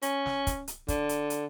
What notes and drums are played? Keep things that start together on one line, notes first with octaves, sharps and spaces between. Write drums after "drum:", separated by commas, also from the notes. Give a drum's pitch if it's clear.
C#4, drum: hi-hat
drum: snare
drum: kick, hi-hat
drum: hi-hat
D3, drum: kick, hi-hat
drum: hi-hat
drum: hi-hat